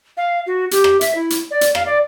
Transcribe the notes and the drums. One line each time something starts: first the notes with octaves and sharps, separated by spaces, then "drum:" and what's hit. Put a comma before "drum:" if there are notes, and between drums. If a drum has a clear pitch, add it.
F5
F#4
G4, drum: hi-hat
drum: rim click
E5, drum: hi-hat
E4
drum: hi-hat
D5
drum: hi-hat
F5, drum: rim click
D5